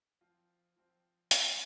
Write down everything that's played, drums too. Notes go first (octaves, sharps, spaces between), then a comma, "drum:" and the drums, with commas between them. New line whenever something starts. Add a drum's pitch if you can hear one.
F3 C4 F4
F3 C4 F4
F3 C4 F4, drum: hi-hat